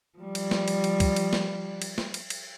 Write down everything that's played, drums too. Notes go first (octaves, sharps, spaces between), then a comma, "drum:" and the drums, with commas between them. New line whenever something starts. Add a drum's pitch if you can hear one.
F3 G3
drum: cymbal
drum: snare
drum: cymbal
drum: cymbal
drum: kick, cymbal
drum: cymbal
drum: snare
drum: cymbal
drum: snare
drum: cymbal
drum: cymbal